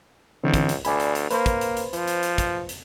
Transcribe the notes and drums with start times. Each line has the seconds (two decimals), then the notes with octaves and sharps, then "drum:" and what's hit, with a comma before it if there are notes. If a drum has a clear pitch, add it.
0.44 C#2 D3 E3 C4
0.54 drum: kick, hi-hat
0.69 drum: hi-hat
0.85 D2 D5 G#5 B5, drum: hi-hat
1.00 drum: hi-hat
1.15 drum: hi-hat
1.31 A#3 B4 C5 B5, drum: hi-hat
1.46 drum: kick, hi-hat
1.61 drum: hi-hat
1.77 drum: hi-hat
1.93 F3, drum: hi-hat
2.07 drum: hi-hat
2.23 drum: hi-hat
2.38 drum: kick, hi-hat
2.69 drum: hi-hat